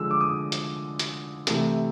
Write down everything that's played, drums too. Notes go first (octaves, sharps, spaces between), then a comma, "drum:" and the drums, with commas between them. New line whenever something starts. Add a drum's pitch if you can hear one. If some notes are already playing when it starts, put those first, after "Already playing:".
Already playing: D3 F3 G#3 E6
D6
D#6
drum: hi-hat
drum: hi-hat
C3 E3 A3, drum: hi-hat